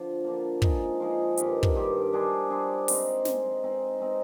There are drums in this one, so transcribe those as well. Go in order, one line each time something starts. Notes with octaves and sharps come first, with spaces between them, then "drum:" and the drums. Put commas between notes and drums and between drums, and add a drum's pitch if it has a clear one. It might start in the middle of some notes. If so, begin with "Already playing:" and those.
Already playing: D3 F3
D3 F3 A#3
F3 G#3 D#4 G#4, drum: kick
F3 G#3 D#4 G#4
G2 D#3 G3, drum: hi-hat
drum: kick
G2 D#3 G3
G3 D4 G#4 C5
G3 D4 G#4 C5
G#3 C4 D#4, drum: open hi-hat
G#3 C4 D#4, drum: snare
G#3 C4 D#4
G#3 C4 D#4